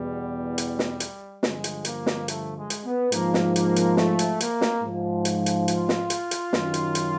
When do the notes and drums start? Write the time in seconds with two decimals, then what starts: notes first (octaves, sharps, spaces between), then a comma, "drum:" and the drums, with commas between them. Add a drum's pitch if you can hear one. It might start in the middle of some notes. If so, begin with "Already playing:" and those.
Already playing: E2 B2 G3
0.58 drum: hi-hat
0.79 drum: snare
1.00 drum: hi-hat
1.43 G2 D3 F3 G#3, drum: snare
1.64 drum: hi-hat
1.85 A#3, drum: hi-hat
2.06 drum: snare
2.28 A3, drum: hi-hat
2.56 G#3
2.70 drum: hi-hat
2.85 B3
3.12 G#2 F3 A#3, drum: hi-hat
3.34 drum: snare
3.56 A#3, drum: hi-hat
3.76 drum: hi-hat
3.97 A3, drum: snare
4.19 drum: hi-hat
4.40 A#3, drum: hi-hat
4.61 drum: snare
4.82 G#2 F3
5.25 drum: hi-hat
5.46 drum: hi-hat
5.68 F4, drum: hi-hat
5.89 drum: snare
6.10 drum: hi-hat
6.31 drum: hi-hat
6.53 F#2 D#3, drum: snare
6.74 drum: hi-hat
6.95 drum: hi-hat